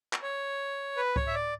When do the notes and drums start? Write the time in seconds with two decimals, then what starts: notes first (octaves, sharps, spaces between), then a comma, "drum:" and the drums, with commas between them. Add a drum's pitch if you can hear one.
0.13 drum: clap
0.23 C#5
0.97 B4
1.16 C#5, drum: kick C#2
1.27 E5
1.35 D5